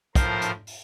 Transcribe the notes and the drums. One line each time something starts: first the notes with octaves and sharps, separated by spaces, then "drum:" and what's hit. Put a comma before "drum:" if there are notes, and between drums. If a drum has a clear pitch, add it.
A2 F3 A#4 C5, drum: kick, hi-hat
drum: hi-hat
drum: open hi-hat